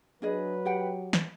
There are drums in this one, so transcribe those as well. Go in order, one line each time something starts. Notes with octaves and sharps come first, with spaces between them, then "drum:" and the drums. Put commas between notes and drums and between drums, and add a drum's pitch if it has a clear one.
F#3 D4 G#4 B4 D#5
G4 F#5 G5
drum: snare